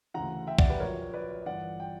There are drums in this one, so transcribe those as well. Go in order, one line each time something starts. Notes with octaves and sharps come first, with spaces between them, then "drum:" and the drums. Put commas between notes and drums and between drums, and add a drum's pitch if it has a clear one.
D2 C#3 E3 F#5 A#5
E5 G5
D5 F#5, drum: kick
G4 B4
A#1 A#2 F#3 A#4 C#5
B4 D5
G1 G2 E3 D5 F#5
G5